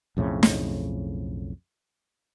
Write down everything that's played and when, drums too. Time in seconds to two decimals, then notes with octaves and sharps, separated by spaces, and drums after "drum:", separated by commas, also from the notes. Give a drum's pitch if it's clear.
0.17 B1 F2 A2 C#3
0.43 drum: snare